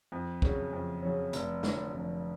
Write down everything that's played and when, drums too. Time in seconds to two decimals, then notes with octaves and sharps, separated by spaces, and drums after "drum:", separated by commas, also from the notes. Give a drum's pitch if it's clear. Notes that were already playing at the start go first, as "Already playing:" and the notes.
0.12 F2
0.42 C#3 F#3 C#4, drum: kick
0.73 F2
1.02 C#3 F#3 C#4
1.33 F1, drum: hi-hat
1.63 F2 D3 F#3, drum: snare
1.94 F1